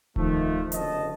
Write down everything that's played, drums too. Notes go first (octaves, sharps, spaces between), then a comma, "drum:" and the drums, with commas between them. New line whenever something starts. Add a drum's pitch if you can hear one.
D#3 F3 A3, drum: kick D1
F#1 F2 D3 D#5 A5, drum: hi-hat